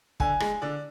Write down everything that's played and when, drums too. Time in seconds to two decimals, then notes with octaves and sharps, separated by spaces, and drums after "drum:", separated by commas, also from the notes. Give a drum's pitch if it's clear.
0.20 D3 G#5, drum: kick
0.40 G#3, drum: rim click
0.62 D3 D5